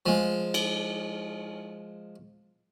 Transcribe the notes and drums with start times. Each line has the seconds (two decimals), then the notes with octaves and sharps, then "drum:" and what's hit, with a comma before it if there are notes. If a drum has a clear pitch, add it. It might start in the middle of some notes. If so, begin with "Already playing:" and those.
0.06 F3 G#3
0.54 drum: cymbal